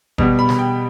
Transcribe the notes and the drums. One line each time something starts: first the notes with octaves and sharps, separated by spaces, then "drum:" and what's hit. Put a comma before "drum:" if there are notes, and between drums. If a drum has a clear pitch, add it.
B2 G3 B3, drum: kick F#1
B5
drum: snare
G5